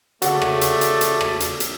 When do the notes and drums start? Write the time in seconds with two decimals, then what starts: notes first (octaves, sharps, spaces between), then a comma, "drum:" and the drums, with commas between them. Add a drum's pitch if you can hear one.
0.22 C#3 A3 F#4 A4 D5, drum: hi-hat
0.42 drum: rim click
0.61 drum: hi-hat
0.81 drum: hi-hat
1.01 drum: hi-hat
1.21 drum: rim click
1.40 drum: hi-hat
1.60 drum: hi-hat